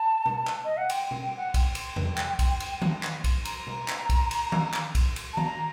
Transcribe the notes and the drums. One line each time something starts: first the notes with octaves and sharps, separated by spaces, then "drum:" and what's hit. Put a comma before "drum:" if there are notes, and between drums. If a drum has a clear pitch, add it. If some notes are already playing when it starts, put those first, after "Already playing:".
Already playing: A5
drum: tom B2
drum: clap
D#5
F#5
G5, drum: cymbal
drum: tom B2
G5
F#5
G5, drum: kick, cymbal
drum: cymbal
drum: tom E2
drum: clap
drum: kick, cymbal
drum: cymbal
drum: tom D#3
drum: clap
drum: kick, cymbal
A#5, drum: cymbal
drum: tom B2
drum: clap
drum: kick, cymbal
drum: cymbal
drum: tom D#3
drum: clap
drum: kick, cymbal
drum: cymbal
A5
A#5, drum: tom D#3